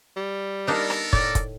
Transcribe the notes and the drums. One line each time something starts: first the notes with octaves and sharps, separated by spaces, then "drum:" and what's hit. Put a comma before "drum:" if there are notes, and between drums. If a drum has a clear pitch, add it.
G3
A#3 B3 D4 D#4 A4 A#4
drum: rim click
A2 D5, drum: kick
drum: kick, hi-hat